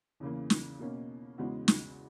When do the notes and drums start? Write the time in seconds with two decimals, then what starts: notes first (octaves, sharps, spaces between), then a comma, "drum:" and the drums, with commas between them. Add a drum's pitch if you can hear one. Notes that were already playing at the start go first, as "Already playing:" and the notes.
0.20 E2 C#3 E3 A#3
0.50 drum: snare
0.79 B2 A#3 C#4
1.38 E2 C#3 G#3 B3 F#4
1.68 drum: snare